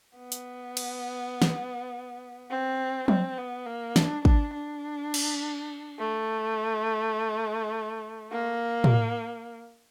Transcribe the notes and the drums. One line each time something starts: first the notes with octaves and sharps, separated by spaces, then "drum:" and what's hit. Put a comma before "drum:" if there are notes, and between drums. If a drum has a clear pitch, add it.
B3
drum: hi-hat
drum: cymbal
drum: snare
C4
C4, drum: tom F3
B3
A#3
D4, drum: snare
D4, drum: kick
D4
drum: cymbal
A3
A#3
drum: tom A2